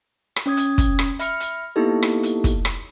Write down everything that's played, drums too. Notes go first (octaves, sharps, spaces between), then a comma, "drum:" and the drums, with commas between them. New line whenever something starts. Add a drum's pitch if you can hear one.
drum: rim click
C#4 C#5 D#6 G#6
drum: hi-hat
drum: kick, hi-hat
drum: rim click
E5 B5 F6 C#7, drum: hi-hat
drum: hi-hat
A#3 B3 D#4 E4 G4 A4
drum: rim click
drum: hi-hat
drum: kick, hi-hat
drum: rim click